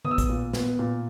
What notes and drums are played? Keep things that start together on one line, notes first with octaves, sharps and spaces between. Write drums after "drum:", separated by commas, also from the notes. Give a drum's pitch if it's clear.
B3 D#6, drum: tom D3
E6
D#6, drum: kick A1, hi-hat
A#2
B3, drum: snare
A#2